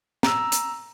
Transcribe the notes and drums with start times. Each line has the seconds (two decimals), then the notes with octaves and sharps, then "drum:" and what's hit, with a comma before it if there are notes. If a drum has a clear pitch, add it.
0.23 A#5 E6, drum: snare
0.52 drum: hi-hat